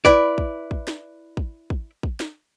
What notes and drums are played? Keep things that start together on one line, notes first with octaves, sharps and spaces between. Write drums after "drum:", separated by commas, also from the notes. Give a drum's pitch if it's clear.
E4 B4 D5, drum: kick
drum: kick
drum: kick
drum: snare
drum: kick
drum: kick
drum: kick
drum: snare